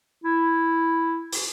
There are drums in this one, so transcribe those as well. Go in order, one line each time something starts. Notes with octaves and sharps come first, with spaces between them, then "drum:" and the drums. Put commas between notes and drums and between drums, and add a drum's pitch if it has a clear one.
E4
drum: open hi-hat